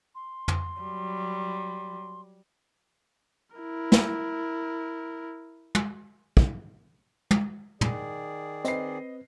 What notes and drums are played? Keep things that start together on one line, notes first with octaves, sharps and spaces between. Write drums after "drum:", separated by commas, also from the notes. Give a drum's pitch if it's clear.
C6
drum: tom
F#3 G3
E4 A#4
drum: snare
drum: tom
drum: kick
drum: tom
D#3 G#4 D5, drum: tom
C4 B4 D#5 C7, drum: hi-hat